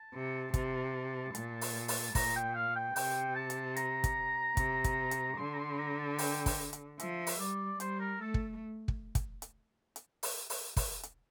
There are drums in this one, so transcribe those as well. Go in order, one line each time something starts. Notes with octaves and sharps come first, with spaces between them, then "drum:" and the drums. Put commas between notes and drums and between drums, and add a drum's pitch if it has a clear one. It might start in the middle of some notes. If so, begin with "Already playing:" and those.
Already playing: A5
C3
C3, drum: kick, hi-hat
A#2, drum: hi-hat
drum: open hi-hat
drum: open hi-hat
A#2 A#5, drum: kick, open hi-hat
G5
F5
G5
C3 G5, drum: open hi-hat
A5
drum: hi-hat
A#5, drum: hi-hat
drum: kick, hi-hat
C3, drum: kick, hi-hat
drum: kick, hi-hat
drum: hi-hat
D3 C6
A#5
C6
A#5
A5
G5, drum: open hi-hat
drum: kick, open hi-hat
drum: hi-hat
F3 E5, drum: hi-hat
drum: open hi-hat
G3 D5
G3 C5, drum: hi-hat
A#4
A3 A4
drum: kick
drum: kick
drum: kick, hi-hat
drum: hi-hat
drum: hi-hat
drum: open hi-hat
drum: open hi-hat
drum: kick, open hi-hat
drum: hi-hat